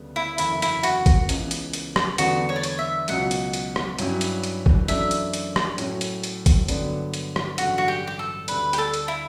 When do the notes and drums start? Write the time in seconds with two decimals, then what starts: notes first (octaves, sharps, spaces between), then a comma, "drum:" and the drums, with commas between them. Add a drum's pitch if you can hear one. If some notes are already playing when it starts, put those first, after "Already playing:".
Already playing: D2 C#3 G3 B3
0.16 E4
0.38 F#1 E2 D3 E4, drum: hi-hat
0.62 E4, drum: hi-hat
0.83 F#4, drum: hi-hat
1.06 drum: kick, hi-hat
1.29 C#2 C#3 E3 B3, drum: hi-hat
1.51 drum: hi-hat
1.73 drum: hi-hat
1.96 drum: rim click
2.18 E2 D3 G3 B3 F#4, drum: hi-hat
2.49 C#5
2.56 D5
2.63 C#5, drum: hi-hat
2.79 E5
3.08 C#2 B2 F#3 F#5, drum: hi-hat
3.31 drum: hi-hat
3.53 drum: hi-hat
3.76 drum: rim click
3.99 G2 F#3 C#4 E4, drum: hi-hat
4.21 drum: hi-hat
4.43 drum: hi-hat
4.66 drum: kick
4.88 F#2 E3 A3 D4 E5, drum: hi-hat
5.11 drum: hi-hat
5.34 drum: hi-hat
5.56 drum: rim click
5.78 A2 F#3 C#4 E4, drum: hi-hat
6.01 drum: hi-hat
6.24 drum: hi-hat
6.46 drum: kick, hi-hat
6.68 G2 D3 F#3 B3 D4, drum: hi-hat
7.14 drum: hi-hat
7.36 drum: rim click
7.58 A1 G2 D3 F#3 F#4, drum: hi-hat
7.78 F#4
7.88 G4
8.07 G4
8.19 A4
8.48 D2 D3 G3 B4, drum: hi-hat
8.73 G4, drum: hi-hat
8.78 A4
8.94 drum: hi-hat
9.08 E4